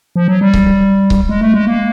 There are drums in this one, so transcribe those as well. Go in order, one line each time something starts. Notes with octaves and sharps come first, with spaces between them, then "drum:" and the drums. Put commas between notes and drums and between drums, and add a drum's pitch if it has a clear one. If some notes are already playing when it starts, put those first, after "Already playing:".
F3
F#3
G3
drum: kick C#1
drum: kick C#1
G#3
A3
G#3
A#3